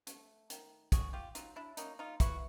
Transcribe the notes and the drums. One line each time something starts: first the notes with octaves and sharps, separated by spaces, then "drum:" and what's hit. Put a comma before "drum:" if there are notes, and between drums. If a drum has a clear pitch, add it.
A3, drum: hi-hat
D#3, drum: hi-hat
D#3 F#4 G#4, drum: kick, hi-hat
F4 G4
F#3 D#4 F4, drum: hi-hat
D4 E4
A#3 C#4 D#4, drum: hi-hat
D#4 F4
E3 E4 F#4, drum: kick, hi-hat